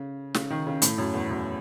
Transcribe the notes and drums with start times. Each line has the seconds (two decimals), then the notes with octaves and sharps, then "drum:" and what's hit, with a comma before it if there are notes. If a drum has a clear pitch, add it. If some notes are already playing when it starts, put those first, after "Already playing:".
Already playing: C#3
0.34 C#3, drum: snare
0.50 D#3
0.67 C#3
0.82 A2, drum: hi-hat
0.98 F#2
1.14 E2
1.30 F#2